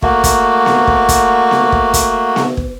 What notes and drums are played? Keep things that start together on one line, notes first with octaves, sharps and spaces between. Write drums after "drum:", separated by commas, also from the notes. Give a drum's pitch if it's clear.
A3 A#3 F#4, drum: kick
drum: kick, hi-hat
drum: snare B3
drum: kick
drum: kick, hi-hat
drum: snare B3
drum: kick
drum: kick, hi-hat
drum: snare B3
drum: kick